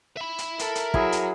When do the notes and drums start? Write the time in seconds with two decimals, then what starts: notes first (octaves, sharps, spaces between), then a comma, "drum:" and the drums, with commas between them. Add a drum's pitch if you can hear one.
0.17 E5 B5
0.38 drum: hi-hat
0.59 A4 A#4, drum: hi-hat
0.75 drum: hi-hat
0.94 F#3 E4 G#4, drum: kick
1.12 drum: hi-hat